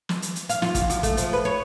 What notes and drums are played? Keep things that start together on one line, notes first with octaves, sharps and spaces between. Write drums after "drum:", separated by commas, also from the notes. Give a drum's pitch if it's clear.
drum: snare
drum: hi-hat
drum: hi-hat
F5, drum: hi-hat
F4, drum: snare
E2, drum: kick, hi-hat
F#2, drum: hi-hat
A3, drum: kick, hi-hat
F3, drum: hi-hat
B4
C#5